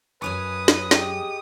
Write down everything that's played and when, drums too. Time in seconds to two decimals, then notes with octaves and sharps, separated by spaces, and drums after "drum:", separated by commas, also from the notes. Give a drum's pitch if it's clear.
0.22 F#2 B4 C#5 G#5 D#6
0.68 drum: snare
0.91 G#3 G4, drum: snare